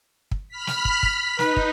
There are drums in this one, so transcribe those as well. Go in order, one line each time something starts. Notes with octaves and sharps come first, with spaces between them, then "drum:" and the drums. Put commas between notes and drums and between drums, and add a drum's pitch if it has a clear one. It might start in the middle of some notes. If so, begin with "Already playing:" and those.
drum: kick
B5 F6 B6
drum: snare
drum: kick
drum: kick
D#4 B4, drum: snare
drum: kick